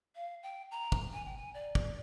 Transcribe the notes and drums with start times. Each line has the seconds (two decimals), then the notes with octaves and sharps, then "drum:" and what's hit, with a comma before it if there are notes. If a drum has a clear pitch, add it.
0.15 F5
0.43 G5
0.71 A#5
0.92 drum: kick
1.13 G#5
1.25 G5
1.37 G#5
1.54 D5
1.75 drum: kick